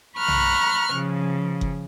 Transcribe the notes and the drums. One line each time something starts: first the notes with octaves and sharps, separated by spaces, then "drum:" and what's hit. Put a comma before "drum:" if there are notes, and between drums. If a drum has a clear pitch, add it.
A#5 B5 C#6 F6 F#6
drum: tom B1
C#3 F3
drum: kick F#1